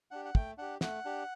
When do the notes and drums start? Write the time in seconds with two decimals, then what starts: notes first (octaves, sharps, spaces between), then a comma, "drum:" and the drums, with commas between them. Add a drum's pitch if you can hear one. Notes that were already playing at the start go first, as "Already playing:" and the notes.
0.11 D4 G4 F#5
0.25 F#5
0.35 A3 G5, drum: kick
0.58 D4 G4 F#5
0.81 A3 F#5, drum: snare
1.05 D4 G4